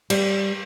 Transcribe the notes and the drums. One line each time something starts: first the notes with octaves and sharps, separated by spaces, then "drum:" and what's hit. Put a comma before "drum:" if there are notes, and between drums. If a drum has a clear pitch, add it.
G3, drum: cymbal